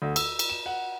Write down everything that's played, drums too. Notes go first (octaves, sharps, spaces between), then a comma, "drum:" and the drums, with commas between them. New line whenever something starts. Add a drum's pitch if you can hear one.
D2
E6, drum: cymbal
drum: cymbal
E7
F#5